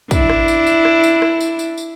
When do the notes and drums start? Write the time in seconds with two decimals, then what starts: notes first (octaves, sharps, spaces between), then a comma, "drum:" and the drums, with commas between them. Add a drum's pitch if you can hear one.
0.11 D4 E4, drum: kick, tambourine
0.29 drum: rim click
0.48 drum: tambourine
0.66 drum: tambourine
0.85 drum: rim click
1.04 drum: tambourine
1.22 drum: rim click
1.41 drum: tambourine
1.59 drum: tambourine
1.78 drum: tambourine